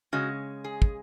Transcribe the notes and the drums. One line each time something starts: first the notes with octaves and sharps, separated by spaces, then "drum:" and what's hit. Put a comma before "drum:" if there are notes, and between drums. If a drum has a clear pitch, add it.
C#3 G#3 C#4 F#4
G#4
drum: kick